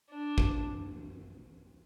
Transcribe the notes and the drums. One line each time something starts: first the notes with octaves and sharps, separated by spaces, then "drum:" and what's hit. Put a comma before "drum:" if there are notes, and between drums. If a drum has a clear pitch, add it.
D4
drum: kick